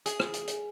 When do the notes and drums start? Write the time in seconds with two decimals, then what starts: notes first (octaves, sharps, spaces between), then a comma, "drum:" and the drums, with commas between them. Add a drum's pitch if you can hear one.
0.06 G#4, drum: hi-hat
0.20 drum: rim click
0.34 drum: hi-hat
0.47 drum: hi-hat